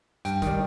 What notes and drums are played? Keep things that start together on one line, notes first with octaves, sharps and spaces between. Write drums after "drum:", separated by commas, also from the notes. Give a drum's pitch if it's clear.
G2 G5, drum: hi-hat
D#3 G3, drum: kick, hi-hat